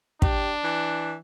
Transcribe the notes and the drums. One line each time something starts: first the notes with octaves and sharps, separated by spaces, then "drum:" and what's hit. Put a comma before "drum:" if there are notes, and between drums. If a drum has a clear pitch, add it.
D4 G4, drum: kick
E3